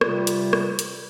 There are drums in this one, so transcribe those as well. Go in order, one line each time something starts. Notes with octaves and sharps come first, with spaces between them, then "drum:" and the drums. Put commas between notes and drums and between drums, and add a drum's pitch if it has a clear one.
C3 G3 F4 B4, drum: rim click
drum: hi-hat
drum: rim click
drum: hi-hat